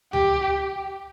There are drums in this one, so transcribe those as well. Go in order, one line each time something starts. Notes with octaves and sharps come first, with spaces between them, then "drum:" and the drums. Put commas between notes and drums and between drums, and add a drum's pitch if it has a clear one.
G4, drum: tom C#2